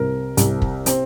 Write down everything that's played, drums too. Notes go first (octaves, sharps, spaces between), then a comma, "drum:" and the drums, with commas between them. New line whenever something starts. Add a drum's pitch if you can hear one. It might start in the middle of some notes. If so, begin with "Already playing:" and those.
Already playing: C2 C3 A#4
C2 C3, drum: hi-hat
drum: kick
C3 C4, drum: hi-hat